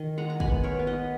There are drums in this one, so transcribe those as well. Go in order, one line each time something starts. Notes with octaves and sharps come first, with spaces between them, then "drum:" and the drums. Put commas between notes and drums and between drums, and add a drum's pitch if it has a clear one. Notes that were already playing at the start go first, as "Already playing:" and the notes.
Already playing: D#3 D#5
G#3 F#5 A#5
A#5
G#5 B5, drum: kick
B3
A#4 C#5
B3
B4 D#5